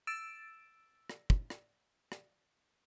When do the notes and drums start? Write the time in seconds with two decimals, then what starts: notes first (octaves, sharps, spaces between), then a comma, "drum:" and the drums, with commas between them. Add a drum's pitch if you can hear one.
0.07 E6 A6 D7 E7
1.09 drum: rim click
1.30 drum: kick
1.50 drum: rim click
2.12 drum: rim click